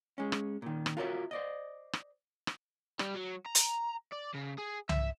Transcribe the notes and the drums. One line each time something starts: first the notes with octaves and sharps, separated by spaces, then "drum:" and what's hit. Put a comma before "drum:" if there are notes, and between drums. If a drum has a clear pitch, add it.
G#3 C#4
drum: rim click
A#2 D#3
drum: rim click
F4 F#4 A#4 C#5 D5 E5
C5 D5 D#5
drum: rim click
drum: rim click
G3, drum: rim click
F#3
A#5
drum: hi-hat
D5
C#3
G#4
E5, drum: tom C2